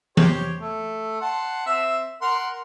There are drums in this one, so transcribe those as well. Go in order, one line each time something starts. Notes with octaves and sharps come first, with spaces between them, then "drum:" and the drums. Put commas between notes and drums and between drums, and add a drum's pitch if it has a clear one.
G4 C5 C#5, drum: tom E3
A3
F#5 A5 C6
C4 E5
A#4 F#5 C6